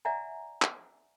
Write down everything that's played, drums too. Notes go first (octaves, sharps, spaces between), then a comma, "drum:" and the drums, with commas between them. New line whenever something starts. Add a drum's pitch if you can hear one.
D5 E5 F#5 G#5 A#5
drum: clap